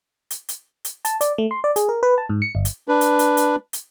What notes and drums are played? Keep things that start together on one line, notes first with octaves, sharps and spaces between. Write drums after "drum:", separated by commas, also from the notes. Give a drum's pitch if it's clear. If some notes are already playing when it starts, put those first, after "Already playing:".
drum: hi-hat
drum: hi-hat
drum: hi-hat
A5, drum: hi-hat
D5, drum: hi-hat
A3
C6
D5
G#4, drum: hi-hat
A#4
B4
A5
G#2
C#7
G1
drum: hi-hat
D4 B4
drum: hi-hat
drum: hi-hat
drum: hi-hat
drum: hi-hat